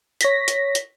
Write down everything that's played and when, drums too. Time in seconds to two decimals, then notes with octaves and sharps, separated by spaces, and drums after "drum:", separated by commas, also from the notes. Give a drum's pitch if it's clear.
0.21 C#5 A#6 B6, drum: hi-hat
0.48 drum: hi-hat
0.75 drum: hi-hat